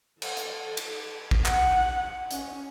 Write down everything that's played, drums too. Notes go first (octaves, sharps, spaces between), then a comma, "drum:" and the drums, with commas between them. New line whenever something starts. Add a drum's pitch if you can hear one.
A4, drum: cymbal
drum: hi-hat
drum: cymbal
drum: kick
F#5, drum: clap
C#4, drum: hi-hat